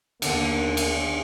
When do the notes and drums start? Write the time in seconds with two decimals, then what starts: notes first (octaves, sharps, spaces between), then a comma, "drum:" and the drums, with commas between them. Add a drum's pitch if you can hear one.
0.22 D#2 D3 A#3 B3 D4, drum: cymbal
0.77 drum: cymbal